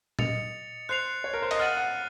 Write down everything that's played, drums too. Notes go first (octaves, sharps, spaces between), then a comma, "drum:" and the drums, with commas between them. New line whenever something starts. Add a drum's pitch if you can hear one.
D#5 A6 C#7 F7, drum: tom A#2
C5 F#6 C7 F7
C#5
A#4
C5
D#5, drum: cymbal
F#5 F6 A6 D#7 F#7
F#5